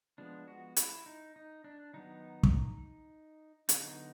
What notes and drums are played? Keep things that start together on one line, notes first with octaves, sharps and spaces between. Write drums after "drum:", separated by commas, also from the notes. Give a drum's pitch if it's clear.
F3 G#3 B3 D4
F#4
E4, drum: hi-hat
D#4
D#4
D4
D#3 F#3 B3 D#4
drum: kick
D3 F#3 B3 D#4, drum: hi-hat